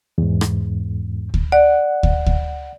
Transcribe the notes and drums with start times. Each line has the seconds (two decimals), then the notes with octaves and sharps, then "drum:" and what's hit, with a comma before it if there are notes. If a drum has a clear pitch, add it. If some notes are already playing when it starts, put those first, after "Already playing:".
0.18 E2 G#2
0.41 drum: rim click
1.34 drum: kick D2
1.52 D5 F#5
2.03 drum: kick D2
2.26 drum: kick D2